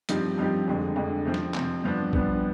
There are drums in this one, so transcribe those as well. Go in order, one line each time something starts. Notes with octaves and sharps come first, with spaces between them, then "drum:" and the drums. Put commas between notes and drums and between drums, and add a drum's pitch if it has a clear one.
G2 F3 C4 D#4 G4, drum: hi-hat
G2 F3 C4 D#4 G4
F2 D3 G#3
F2 D3 G#3
C3 F3 C4
drum: snare
C3 F3 C4, drum: clap
G2 F3 B3 D4
G2 F3 B3 D4, drum: kick A#1